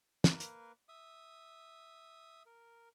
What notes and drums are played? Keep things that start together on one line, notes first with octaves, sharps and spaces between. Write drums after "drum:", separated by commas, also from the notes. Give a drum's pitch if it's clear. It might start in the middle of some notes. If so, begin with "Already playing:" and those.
A#3 A#4 B4, drum: snare
drum: hi-hat
E5 D#6
A#4